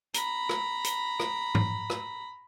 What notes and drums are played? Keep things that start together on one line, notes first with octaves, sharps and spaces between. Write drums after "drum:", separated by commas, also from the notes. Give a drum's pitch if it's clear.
A#5 B5, drum: hi-hat
drum: rim click
drum: hi-hat
drum: rim click
drum: tom G#2
drum: rim click